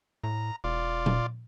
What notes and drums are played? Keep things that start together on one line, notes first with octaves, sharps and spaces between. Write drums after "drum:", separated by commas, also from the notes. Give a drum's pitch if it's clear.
A2 A#5
E1 F4 D5
drum: tom A#2